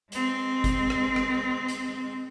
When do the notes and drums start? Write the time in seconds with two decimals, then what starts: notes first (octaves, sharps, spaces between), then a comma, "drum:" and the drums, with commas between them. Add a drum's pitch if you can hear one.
0.12 G#3 C4, drum: hi-hat
0.64 drum: kick G1, hi-hat
0.90 drum: rim click
1.16 drum: rim click
1.68 drum: hi-hat